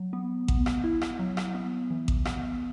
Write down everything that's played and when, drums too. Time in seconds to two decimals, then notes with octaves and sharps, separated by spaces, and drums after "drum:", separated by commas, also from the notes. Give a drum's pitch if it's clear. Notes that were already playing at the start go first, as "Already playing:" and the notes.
Already playing: F#3
0.13 B3
0.48 B3, drum: kick A1
0.66 drum: rim click
0.84 E4
1.02 drum: rim click
1.19 F#3
1.37 drum: rim click
1.55 B3
1.90 E3
2.08 drum: kick A1
2.25 B3, drum: rim click